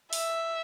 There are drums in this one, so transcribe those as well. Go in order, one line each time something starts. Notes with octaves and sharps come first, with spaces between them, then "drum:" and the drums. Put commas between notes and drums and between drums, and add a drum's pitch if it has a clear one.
E5, drum: open hi-hat